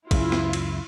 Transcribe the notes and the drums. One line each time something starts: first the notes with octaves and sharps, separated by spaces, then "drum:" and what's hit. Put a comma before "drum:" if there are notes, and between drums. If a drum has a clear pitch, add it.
C#2 F#2 C#3 E4 F4, drum: kick, cymbal
drum: snare
drum: cymbal